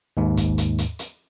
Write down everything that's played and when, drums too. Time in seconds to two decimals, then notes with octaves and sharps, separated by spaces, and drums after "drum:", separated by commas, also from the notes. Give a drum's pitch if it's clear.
0.17 D#2 G#2
0.37 drum: kick, hi-hat
0.58 drum: hi-hat
0.78 drum: hi-hat
0.99 drum: hi-hat